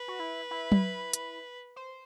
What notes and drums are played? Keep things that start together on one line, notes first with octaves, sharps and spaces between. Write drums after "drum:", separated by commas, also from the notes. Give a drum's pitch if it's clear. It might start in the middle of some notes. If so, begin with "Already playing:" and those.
Already playing: B4
F#4
E4
E4
drum: tom F#3
drum: hi-hat
C5